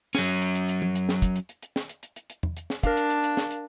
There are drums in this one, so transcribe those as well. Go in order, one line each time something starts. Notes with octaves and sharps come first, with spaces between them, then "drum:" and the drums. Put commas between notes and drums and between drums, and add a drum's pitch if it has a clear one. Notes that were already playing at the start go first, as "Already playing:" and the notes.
F#3 C#4, drum: snare
drum: hi-hat
drum: hi-hat
drum: hi-hat
drum: hi-hat
drum: tom
drum: hi-hat
drum: snare
drum: kick, hi-hat
drum: hi-hat
drum: hi-hat
drum: hi-hat
drum: snare
drum: hi-hat
drum: hi-hat
drum: hi-hat
drum: hi-hat
drum: tom E2
drum: hi-hat
drum: snare
D4 A#4 F5, drum: kick, hi-hat
drum: hi-hat
drum: hi-hat
drum: hi-hat
drum: snare
drum: hi-hat